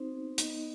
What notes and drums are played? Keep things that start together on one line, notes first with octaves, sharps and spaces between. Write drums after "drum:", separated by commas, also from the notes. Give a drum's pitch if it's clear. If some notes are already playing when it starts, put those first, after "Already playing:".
Already playing: C4 D#4 F#4 C5
B3
B3 D#4 D#5, drum: hi-hat